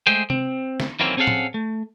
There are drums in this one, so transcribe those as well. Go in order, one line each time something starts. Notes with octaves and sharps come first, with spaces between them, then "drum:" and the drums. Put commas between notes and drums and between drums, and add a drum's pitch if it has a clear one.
G#3 A3 G#4 C5 G5
C4, drum: tom
drum: snare
F#2 D#3 E3 A#3 C4 C#4
C4 C#4 G#4 A4 F5 F#5
drum: tom A2
A3